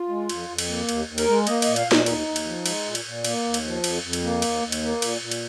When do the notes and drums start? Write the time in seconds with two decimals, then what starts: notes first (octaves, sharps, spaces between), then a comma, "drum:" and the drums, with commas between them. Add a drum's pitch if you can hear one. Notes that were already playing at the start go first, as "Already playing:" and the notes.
Already playing: F4
0.09 G#3
0.29 F2, drum: cymbal
0.49 F2
0.58 drum: cymbal
0.68 A#3
0.89 D#2, drum: cymbal
1.07 D#2
1.18 A#4, drum: cymbal
1.28 G#3
1.47 A#3 D#5, drum: cymbal
1.62 A#2 D#5, drum: cymbal
1.76 F5, drum: cymbal
1.87 A#2
1.92 D#5, drum: snare
2.06 D#2 D#4, drum: cymbal
2.27 D#2
2.36 drum: cymbal
2.45 F3
2.66 G#3, drum: cymbal
2.85 A#2
2.95 drum: cymbal
3.04 A#2
3.24 A#3, drum: cymbal
3.45 D#2
3.54 drum: cymbal
3.65 F3
3.84 F2, drum: cymbal
4.03 F2
4.13 drum: cymbal
4.24 A#3
4.42 D#2, drum: cymbal
4.63 D#2
4.72 drum: cymbal
4.83 A#3
5.02 A#2, drum: cymbal
5.21 A#2
5.31 drum: cymbal